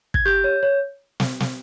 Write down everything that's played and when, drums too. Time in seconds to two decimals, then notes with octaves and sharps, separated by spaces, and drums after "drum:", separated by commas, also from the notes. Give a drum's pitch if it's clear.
0.14 G#6, drum: kick
0.26 G4 G6
0.44 C#5
0.63 C#5
1.20 drum: snare
1.40 drum: snare